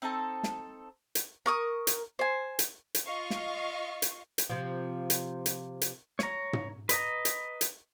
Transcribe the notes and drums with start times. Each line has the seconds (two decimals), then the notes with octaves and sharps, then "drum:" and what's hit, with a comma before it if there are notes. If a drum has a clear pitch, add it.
0.02 C4 D#4 A4 A5
0.43 drum: snare
1.15 drum: hi-hat
1.46 A#4 C#6 D#6
1.87 drum: hi-hat
2.19 C5 G#5
2.59 drum: hi-hat
2.95 drum: hi-hat
3.05 F4 D#5 F5 C#6
3.30 drum: snare
4.02 drum: hi-hat
4.38 drum: hi-hat
4.49 C3 F3
5.10 drum: hi-hat
5.46 drum: hi-hat
5.81 drum: hi-hat
6.19 C#5 A#5, drum: snare
6.53 drum: tom
6.89 B4 D#5 A#5, drum: hi-hat
7.25 drum: hi-hat
7.61 drum: hi-hat